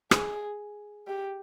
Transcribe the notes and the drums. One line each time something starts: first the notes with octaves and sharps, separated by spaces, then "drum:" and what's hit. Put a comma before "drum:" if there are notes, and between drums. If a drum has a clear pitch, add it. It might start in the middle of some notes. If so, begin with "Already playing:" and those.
G#4, drum: rim click
G4